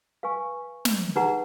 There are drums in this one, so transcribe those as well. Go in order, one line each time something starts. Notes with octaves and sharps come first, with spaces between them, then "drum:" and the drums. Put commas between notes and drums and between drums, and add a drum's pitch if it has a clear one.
B4 F5 G#5 C#6
drum: snare
D#4 G#4 B4 F#5 A#5